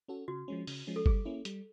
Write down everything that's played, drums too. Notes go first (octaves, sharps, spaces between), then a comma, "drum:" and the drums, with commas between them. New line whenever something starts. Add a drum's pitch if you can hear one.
C#4 F#4 A4
C#3 F#4
F3 G#3 C#4
C#3, drum: open hi-hat
F3 G#3 C#4
A4
G3 G#4, drum: kick G1
A#3 C#4 E4
G3, drum: hi-hat